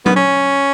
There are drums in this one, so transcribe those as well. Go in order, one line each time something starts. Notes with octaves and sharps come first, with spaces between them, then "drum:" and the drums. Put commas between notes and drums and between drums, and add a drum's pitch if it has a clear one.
B3, drum: tom F#3
C#4